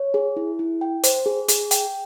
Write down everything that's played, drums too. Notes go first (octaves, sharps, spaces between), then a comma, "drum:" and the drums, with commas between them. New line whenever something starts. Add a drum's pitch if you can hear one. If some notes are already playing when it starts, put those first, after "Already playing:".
Already playing: C#5
G#4
E4
E4
G5
C5, drum: hi-hat
G#4
G#4, drum: hi-hat
G5, drum: hi-hat